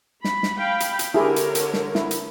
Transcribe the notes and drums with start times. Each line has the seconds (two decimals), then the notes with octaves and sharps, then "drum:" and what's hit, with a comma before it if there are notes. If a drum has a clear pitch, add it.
0.24 B5, drum: snare
0.43 drum: snare
0.57 F5 G5 B5
0.80 drum: hi-hat
0.99 drum: hi-hat
1.14 D3 E4 G4 G#4 A#4 C#5
1.36 drum: hi-hat
1.55 drum: hi-hat
1.73 drum: snare
1.95 E4, drum: snare
2.11 drum: hi-hat